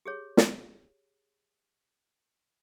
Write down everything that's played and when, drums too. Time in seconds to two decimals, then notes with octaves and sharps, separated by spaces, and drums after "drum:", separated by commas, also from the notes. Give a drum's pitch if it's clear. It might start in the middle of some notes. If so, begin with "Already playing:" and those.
0.05 G4 G#4 C#5
0.37 drum: snare